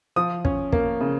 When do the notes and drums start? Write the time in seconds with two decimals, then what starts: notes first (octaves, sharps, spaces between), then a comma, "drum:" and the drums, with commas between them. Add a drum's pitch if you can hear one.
0.16 F3 D#6
0.45 C#4, drum: kick
0.72 A#3, drum: kick
1.01 C#3